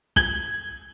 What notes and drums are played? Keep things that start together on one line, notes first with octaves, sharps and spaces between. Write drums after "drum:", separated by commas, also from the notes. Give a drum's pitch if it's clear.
G#6 F#7 G7, drum: kick